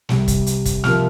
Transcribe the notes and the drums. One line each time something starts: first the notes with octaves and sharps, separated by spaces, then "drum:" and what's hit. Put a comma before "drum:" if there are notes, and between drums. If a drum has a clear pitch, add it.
C2 C3 G3, drum: snare
drum: kick, hi-hat
drum: hi-hat
drum: kick, hi-hat
C3 F3 A#3 F6, drum: snare